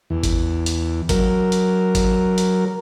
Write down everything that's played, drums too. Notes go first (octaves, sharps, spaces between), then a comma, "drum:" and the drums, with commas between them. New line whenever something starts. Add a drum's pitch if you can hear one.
E2
drum: kick G#1, hi-hat
drum: hi-hat
F#3 A#4, drum: kick G#1, hi-hat
drum: hi-hat
drum: kick G#1, hi-hat
drum: hi-hat